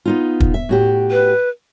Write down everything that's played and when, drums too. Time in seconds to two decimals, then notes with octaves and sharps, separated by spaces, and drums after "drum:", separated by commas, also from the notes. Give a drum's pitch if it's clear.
0.05 B3 D#4 F4
0.40 drum: kick
0.54 E5
0.69 A2 F#4 G4
1.11 B4